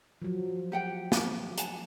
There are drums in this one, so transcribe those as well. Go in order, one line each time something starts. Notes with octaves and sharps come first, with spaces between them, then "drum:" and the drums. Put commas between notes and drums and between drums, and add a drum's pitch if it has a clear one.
F3 F#3
G4 F#5 G5
drum: snare
F#5 G#5 A5, drum: hi-hat